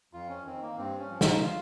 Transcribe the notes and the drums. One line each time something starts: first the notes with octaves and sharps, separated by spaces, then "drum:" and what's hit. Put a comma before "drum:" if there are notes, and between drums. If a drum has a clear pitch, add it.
F2 F4
C#4
D#3 C4
A#3
G2 C4
C#4
F3
D#4, drum: snare
F4